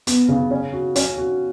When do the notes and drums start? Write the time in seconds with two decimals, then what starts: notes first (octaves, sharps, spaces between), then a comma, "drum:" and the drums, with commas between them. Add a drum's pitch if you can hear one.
0.07 B3, drum: hi-hat
0.28 C#3
0.51 C#4
0.73 F#4
0.96 C#4, drum: hi-hat
1.17 F#4